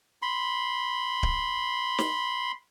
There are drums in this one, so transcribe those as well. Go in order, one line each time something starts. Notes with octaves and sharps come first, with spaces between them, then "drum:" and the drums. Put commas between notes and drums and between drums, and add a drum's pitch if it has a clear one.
B5 C6
drum: kick D1
drum: snare